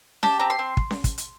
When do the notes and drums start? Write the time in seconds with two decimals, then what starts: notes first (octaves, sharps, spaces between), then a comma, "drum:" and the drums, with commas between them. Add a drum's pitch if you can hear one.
0.23 G4 A5, drum: snare C#4
0.40 C4 A#5
0.50 C6
0.59 C4
0.77 drum: kick
0.91 drum: snare C#4
1.04 drum: kick, hi-hat
1.18 drum: hi-hat